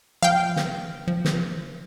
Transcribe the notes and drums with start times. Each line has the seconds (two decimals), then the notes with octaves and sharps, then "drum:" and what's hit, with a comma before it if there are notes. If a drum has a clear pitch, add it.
0.23 F3 F5 G5
0.56 drum: snare
1.08 F3
1.25 drum: snare